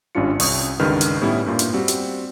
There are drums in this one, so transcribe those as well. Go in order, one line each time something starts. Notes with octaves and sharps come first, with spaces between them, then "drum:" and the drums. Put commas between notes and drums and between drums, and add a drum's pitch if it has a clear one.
G#1 G2 C#4 D4 F4 C#7
C2 C#4 C#6 D#6, drum: open hi-hat
C#2 G2 D3 D#3 B4 F6
drum: hi-hat
A2 G3 B3 C#4 D#4 E4
G2 A#2 F4
drum: hi-hat
G3 C4 F#4
drum: hi-hat